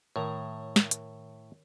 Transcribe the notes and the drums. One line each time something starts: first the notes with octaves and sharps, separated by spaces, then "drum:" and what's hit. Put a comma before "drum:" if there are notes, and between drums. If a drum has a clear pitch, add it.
A2 D#3 A#4 C#5
drum: snare
drum: hi-hat